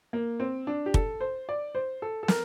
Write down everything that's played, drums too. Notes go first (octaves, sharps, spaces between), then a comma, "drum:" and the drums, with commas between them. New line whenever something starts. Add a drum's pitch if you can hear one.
A#3
C4
D4
G4
A4, drum: kick
C5
D5
C5
A4
A4
A#4, drum: snare